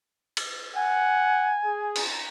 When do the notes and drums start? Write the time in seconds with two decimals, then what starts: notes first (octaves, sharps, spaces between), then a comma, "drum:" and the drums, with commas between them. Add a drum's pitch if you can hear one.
0.37 drum: cymbal
0.76 F#5 G#5
1.65 G#4
1.96 drum: cymbal